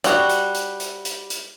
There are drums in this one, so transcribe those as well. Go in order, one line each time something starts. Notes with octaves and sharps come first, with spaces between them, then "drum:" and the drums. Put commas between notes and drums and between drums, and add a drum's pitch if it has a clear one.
G3 F#4, drum: hi-hat
drum: hi-hat
drum: hi-hat
drum: hi-hat
drum: hi-hat
drum: hi-hat